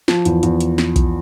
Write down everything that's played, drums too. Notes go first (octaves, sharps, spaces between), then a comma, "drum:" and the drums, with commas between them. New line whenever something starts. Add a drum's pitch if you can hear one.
F3, drum: snare
E2, drum: hi-hat
E2, drum: hi-hat
drum: hi-hat
drum: snare
drum: kick B1, hi-hat